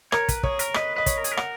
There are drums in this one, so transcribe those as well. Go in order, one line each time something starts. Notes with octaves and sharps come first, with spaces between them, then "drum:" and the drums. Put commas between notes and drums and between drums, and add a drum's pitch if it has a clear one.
A#4 C#5, drum: rim click
B4, drum: kick, hi-hat
G#4 C#5, drum: kick
A#4, drum: hi-hat
B4 D#5, drum: rim click
B4 D#5
C#5, drum: kick, hi-hat
A#4
G#4, drum: hi-hat
A#4
F#5, drum: rim click